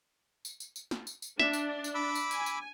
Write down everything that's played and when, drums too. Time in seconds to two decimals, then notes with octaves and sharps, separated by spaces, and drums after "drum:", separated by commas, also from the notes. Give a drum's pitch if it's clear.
0.45 drum: tambourine
0.60 drum: tambourine
0.76 drum: tambourine
0.91 drum: snare
1.07 drum: tambourine
1.22 drum: tambourine
1.39 D4 E5, drum: snare
1.53 drum: tambourine
1.84 drum: tambourine
1.95 B5 D6 E6
2.15 drum: tambourine
2.31 G#5, drum: tambourine
2.46 drum: tambourine